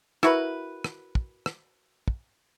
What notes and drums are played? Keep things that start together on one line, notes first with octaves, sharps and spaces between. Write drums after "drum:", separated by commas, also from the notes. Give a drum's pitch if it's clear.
E4 F#4 A#4 B4, drum: rim click
drum: rim click
drum: kick
drum: rim click
drum: kick